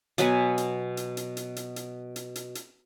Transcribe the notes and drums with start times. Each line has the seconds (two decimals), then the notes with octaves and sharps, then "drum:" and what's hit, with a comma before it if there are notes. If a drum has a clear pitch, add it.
0.18 B2 F#3 B4 G#5, drum: hi-hat
0.58 drum: hi-hat
0.97 drum: hi-hat
1.17 drum: hi-hat
1.37 drum: hi-hat
1.56 drum: hi-hat
1.76 drum: hi-hat
2.16 drum: hi-hat
2.36 drum: hi-hat
2.55 drum: hi-hat